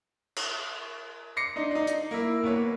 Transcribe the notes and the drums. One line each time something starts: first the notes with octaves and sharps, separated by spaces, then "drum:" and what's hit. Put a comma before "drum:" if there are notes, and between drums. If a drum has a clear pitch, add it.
drum: cymbal
C6 D6 A#6 C7 C#7
D4 D#4
D4 D#4
drum: hi-hat
A#3 E4
D#2 A#3 B3 B4 C#5